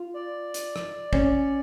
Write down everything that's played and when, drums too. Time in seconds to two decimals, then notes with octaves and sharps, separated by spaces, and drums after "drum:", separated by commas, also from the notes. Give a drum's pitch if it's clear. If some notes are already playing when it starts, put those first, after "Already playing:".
Already playing: F4
0.14 D5
0.54 drum: hi-hat
0.76 drum: rim click
1.13 C#4, drum: kick